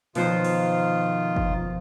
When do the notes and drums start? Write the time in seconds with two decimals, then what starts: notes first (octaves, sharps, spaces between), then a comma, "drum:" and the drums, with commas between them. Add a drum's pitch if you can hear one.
0.15 B2 D#3 F3 F4 C5, drum: open hi-hat
0.45 drum: cymbal
1.36 drum: kick G1